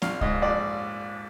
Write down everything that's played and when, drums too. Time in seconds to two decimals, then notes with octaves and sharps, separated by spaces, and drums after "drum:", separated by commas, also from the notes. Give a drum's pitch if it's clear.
0.02 A#1 F5, drum: snare C4
0.21 G#2 D#5, drum: kick C2
0.42 A#1 D5